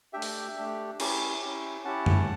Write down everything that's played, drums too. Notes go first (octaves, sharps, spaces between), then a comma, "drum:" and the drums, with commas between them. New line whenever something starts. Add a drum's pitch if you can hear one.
A3 D4 G4 E5 G5
drum: open hi-hat
A3 D4 G4
C#4 E4 G4, drum: cymbal
C#4 E4 G4
C#4 E4 G4 F#5 A5
drum: tom F#2